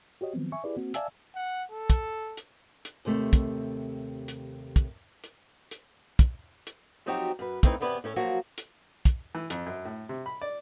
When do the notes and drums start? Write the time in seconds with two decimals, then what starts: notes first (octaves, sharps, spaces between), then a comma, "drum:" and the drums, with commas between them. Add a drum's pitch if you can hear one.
0.21 F#4 G4 C#5 D#5
0.34 D#3 F3 F#3 B3 C4
0.52 E5 G#5 C#6
0.64 E4 G4 G#4 B4 D5
0.76 A#3 C4 F#4
0.94 D5 E5 F5 G#5 A5 E6, drum: hi-hat
1.35 F#5
1.72 A4
1.90 drum: kick, hi-hat
2.37 drum: hi-hat
2.85 drum: hi-hat
3.05 D#2 C3 A3
3.33 drum: kick, hi-hat
4.28 drum: hi-hat
4.76 drum: kick, hi-hat
5.24 drum: hi-hat
5.71 drum: hi-hat
6.19 drum: kick, hi-hat
6.67 drum: hi-hat
7.06 F3 F#3 C4 D#4 F#4 G4
7.39 F#2 B4
7.63 A3 B3 C4 D#4 E4 B4, drum: kick, hi-hat
7.80 E2 C3 B3 B4 D5 G#5
8.04 A2 C#4 A4
8.16 F3 F#3 A#3 F#4
8.58 drum: hi-hat
9.05 drum: kick, hi-hat
9.35 E3
9.50 F2, drum: hi-hat
9.66 F#2
9.85 A2
10.09 C3
10.26 B5
10.41 D5